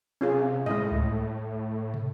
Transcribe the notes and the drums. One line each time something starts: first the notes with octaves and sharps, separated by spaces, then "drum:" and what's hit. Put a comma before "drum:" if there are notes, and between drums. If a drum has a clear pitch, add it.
C3 C#4 F4 G#4
A2 G#3 E4 D#5
drum: kick C#2
drum: tom